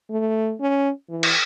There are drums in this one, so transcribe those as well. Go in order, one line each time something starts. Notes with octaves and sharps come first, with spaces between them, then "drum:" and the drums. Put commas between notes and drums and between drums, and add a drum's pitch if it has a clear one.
A3
C#4
E3
drum: cymbal